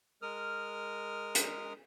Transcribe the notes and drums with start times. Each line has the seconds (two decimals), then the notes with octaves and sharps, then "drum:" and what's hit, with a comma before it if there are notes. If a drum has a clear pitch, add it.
0.22 G#3 A#4 D#6 F6
1.35 drum: hi-hat